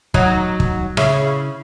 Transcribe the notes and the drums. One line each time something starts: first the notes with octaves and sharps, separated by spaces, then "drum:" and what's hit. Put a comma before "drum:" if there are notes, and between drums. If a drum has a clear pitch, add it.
F#3 D#4, drum: kick
drum: kick
C#3 E4, drum: rim click